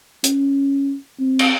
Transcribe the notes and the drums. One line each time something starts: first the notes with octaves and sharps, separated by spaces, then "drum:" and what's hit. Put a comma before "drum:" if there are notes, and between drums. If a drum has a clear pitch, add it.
C#4, drum: hi-hat
C4
drum: cymbal